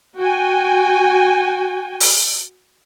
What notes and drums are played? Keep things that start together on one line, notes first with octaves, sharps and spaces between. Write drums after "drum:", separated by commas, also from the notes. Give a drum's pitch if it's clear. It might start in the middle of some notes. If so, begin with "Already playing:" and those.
F#4 G5 G#5
drum: open hi-hat